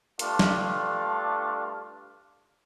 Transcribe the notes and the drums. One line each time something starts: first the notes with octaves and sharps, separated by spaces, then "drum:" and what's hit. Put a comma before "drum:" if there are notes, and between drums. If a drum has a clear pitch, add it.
G2 A3 D4 F4, drum: hi-hat
drum: snare